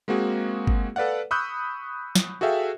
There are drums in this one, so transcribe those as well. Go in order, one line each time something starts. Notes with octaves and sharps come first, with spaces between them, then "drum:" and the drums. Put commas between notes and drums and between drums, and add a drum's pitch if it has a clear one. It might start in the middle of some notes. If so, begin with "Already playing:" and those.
G#3 A#3 C4 F#4 G#4
drum: kick G1
A4 B4 D5 F5 F#5
B5 C#6 D#6 E6 F#6 G6
drum: snare
F#4 G#4 A4 E5 F5 G5